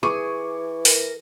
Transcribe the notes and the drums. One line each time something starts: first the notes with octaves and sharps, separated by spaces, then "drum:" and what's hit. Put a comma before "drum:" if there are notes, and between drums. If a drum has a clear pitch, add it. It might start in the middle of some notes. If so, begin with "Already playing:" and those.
E3 G#4 C#6 D6 D#7
A#4, drum: open hi-hat